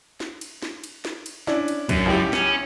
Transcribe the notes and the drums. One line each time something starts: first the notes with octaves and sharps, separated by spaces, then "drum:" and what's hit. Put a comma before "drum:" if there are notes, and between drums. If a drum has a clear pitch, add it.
drum: snare
drum: cymbal
drum: snare
drum: cymbal
drum: snare
drum: cymbal
C#4 D4 E4, drum: snare
drum: cymbal
F#2, drum: kick, cymbal
C#2 E4 G4
C#4, drum: snare